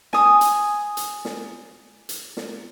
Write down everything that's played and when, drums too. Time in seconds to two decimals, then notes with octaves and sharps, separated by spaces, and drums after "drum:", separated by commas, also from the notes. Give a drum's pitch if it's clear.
0.13 G#5 D#6, drum: snare
0.41 drum: hi-hat
0.97 drum: hi-hat
1.25 drum: snare
2.09 drum: hi-hat
2.37 drum: snare